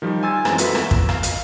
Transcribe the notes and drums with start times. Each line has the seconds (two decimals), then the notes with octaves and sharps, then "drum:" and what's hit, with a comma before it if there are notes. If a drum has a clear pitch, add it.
0.02 D#3 F3 G3
0.23 G#5 C6 E6 G#6 A6
0.45 F#2 E3 G#3 C4, drum: rim click
0.58 A#3 F4 F#4 A4 B4 E5, drum: hi-hat
0.75 E2 A#4 E7, drum: rim click
0.91 drum: kick
1.09 F5, drum: rim click
1.23 drum: hi-hat